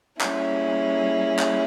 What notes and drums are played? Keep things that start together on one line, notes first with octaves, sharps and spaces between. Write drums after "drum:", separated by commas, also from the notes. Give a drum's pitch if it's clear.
G3 A#3 C#4 E4 G#4, drum: clap
drum: clap